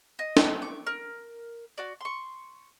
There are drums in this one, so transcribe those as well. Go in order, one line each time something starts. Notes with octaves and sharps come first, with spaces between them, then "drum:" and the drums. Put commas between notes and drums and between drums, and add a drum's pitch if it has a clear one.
D#5
drum: snare
C#6 D6
A#4
F#4 D5
C6 C#6